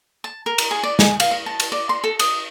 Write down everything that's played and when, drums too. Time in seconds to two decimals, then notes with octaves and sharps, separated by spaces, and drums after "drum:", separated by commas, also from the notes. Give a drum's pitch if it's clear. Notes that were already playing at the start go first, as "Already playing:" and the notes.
0.24 A5
0.46 A#4
0.58 drum: cymbal
0.71 G#4
0.83 D5
0.99 G#4, drum: snare
1.20 F5, drum: cymbal
1.31 F5
1.46 A5
1.60 drum: cymbal
1.72 D5
1.89 C6
2.04 A4
2.19 D#6, drum: cymbal